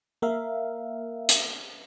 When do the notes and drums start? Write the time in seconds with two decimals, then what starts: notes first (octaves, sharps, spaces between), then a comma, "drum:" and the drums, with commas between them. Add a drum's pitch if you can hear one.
0.22 A#3 A#4 E5 F5
1.29 drum: hi-hat